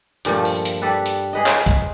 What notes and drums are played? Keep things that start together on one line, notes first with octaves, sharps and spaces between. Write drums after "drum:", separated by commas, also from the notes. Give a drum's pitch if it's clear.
G2 A#2 F3 A3, drum: hi-hat
drum: open hi-hat
drum: hi-hat
G3 A4 B4
drum: hi-hat
G#4 B4 D#5
drum: clap
drum: kick, hi-hat